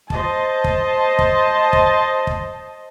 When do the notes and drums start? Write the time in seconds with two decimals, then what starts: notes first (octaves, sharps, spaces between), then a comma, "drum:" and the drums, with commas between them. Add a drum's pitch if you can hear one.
0.10 C5 D#5 A5, drum: kick
0.64 drum: kick
1.19 drum: kick
1.73 drum: kick
2.27 drum: kick